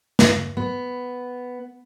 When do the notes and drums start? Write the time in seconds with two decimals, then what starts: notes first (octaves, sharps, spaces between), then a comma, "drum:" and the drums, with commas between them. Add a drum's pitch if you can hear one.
0.19 drum: snare
0.57 B3